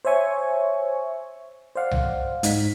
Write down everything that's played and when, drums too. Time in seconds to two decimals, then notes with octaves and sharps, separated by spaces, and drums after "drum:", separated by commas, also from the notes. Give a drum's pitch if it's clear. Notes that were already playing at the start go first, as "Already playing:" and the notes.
0.05 C5 C#5 E5 G#5 C#6
1.75 C5 D5 F5 F#5
1.91 drum: tom C2
2.43 G#2 D#4 B6, drum: hi-hat